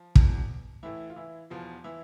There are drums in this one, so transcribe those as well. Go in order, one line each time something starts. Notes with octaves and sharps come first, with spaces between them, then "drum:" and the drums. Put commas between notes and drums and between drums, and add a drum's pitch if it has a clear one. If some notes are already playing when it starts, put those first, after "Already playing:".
Already playing: F3
E2 B2, drum: kick
A2 E3 E4
F4
E3 E4
E2 B2 F3 F4
E3 E4